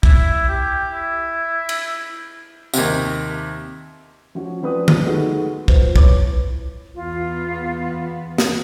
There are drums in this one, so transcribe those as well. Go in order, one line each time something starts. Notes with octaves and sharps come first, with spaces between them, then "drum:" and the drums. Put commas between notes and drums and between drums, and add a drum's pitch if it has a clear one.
E4, drum: kick
G4
E4
drum: cymbal
D#2 C3, drum: tambourine
F3 C#4 F#4
F3 C4 B4 D5 D#6
drum: tom
G#3 A3 B3 D#4 F#4
F#3 F4 B4 C5, drum: kick
E4 B4 C#5 D6, drum: kick
E2 B3 F4
drum: snare